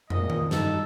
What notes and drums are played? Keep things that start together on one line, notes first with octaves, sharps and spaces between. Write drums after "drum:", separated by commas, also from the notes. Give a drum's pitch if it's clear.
A#2 D#5, drum: tom
drum: tom D#3
G2 D#4 A4, drum: snare